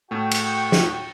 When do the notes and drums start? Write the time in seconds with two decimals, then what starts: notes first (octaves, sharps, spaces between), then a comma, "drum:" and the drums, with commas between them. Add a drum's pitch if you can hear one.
0.11 A2 A3 F#4 G5
0.31 drum: cymbal
0.72 drum: snare